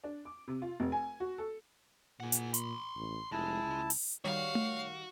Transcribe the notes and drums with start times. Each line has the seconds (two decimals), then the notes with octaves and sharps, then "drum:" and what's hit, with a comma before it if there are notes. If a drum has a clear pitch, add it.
0.04 D4
0.25 D6
0.48 C3
0.62 F4
0.80 F1
0.92 G#5
1.20 F#4
1.38 A4
2.20 A#2 G#4 F#5
2.32 drum: hi-hat
2.54 B5 C6, drum: hi-hat
2.96 A1
3.32 F1 G#3 E4 A5
3.63 C#2
3.90 drum: open hi-hat
4.25 D#3 G3 F#4 C#5 F5
4.55 drum: tom A3